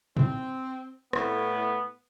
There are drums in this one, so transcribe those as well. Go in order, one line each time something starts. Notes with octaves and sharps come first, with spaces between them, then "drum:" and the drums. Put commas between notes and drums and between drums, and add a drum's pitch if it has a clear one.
C4, drum: tom G#2
A2 B3, drum: rim click